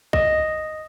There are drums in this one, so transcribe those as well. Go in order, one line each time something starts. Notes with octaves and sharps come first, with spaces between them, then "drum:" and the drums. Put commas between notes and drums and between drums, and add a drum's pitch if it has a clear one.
D#5, drum: kick